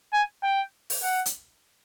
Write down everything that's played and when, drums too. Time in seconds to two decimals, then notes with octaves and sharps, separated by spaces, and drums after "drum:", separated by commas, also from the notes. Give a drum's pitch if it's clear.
0.13 G#5
0.43 G5
0.90 drum: open hi-hat
1.03 F#5
1.26 drum: hi-hat